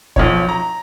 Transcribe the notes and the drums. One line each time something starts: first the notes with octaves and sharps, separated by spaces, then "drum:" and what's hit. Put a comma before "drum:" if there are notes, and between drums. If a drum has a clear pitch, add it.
B1 F3 C#5, drum: kick
A#5